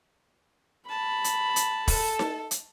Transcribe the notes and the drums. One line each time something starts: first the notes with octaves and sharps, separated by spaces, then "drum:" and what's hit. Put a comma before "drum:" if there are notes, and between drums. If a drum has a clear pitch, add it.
A5 B5
drum: hi-hat
drum: hi-hat
A4, drum: kick E1, open hi-hat
drum: snare D#4
drum: hi-hat